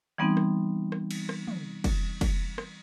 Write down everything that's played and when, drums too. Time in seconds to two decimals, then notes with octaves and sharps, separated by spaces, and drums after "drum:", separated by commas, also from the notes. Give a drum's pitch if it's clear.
0.18 E3 G3 B3 C4 D#4
0.37 drum: rim click
0.92 drum: rim click
1.11 drum: cymbal
1.29 drum: rim click
1.47 drum: tom
1.84 drum: kick, cymbal
2.21 drum: kick, cymbal
2.58 drum: rim click